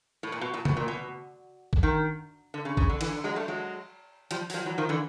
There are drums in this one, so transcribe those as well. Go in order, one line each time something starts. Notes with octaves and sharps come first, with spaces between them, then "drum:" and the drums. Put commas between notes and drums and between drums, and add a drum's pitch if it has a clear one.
A2
A#2
B2
A#2
B2, drum: tom C#3
A#2
B2
drum: kick G#1
D#3
D3
C#3
C#3, drum: kick G#1
D3
D3 E3, drum: cymbal
D3
F#3 G#3
G3 A3
F#3 G#3
F3 G3, drum: hi-hat
F#3, drum: open hi-hat
F3 G3
E3 F#3
D#3 F3
D3 E3